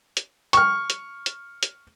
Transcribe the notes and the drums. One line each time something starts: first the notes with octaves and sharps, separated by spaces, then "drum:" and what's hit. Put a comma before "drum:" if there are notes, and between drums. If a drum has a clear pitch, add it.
drum: hi-hat
C#6 F6, drum: hi-hat
drum: hi-hat
drum: hi-hat
drum: hi-hat